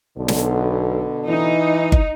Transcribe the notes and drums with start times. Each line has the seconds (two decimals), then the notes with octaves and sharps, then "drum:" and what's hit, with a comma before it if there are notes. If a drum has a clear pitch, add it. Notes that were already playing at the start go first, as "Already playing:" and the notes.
0.18 B1 B2 D3
0.28 drum: snare
1.28 E3 D#4
1.92 drum: kick G1